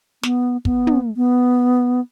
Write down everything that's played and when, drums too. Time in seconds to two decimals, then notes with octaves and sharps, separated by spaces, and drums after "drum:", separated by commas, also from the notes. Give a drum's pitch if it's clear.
0.23 B3, drum: snare
0.65 B3, drum: kick
0.87 drum: tom
1.17 B3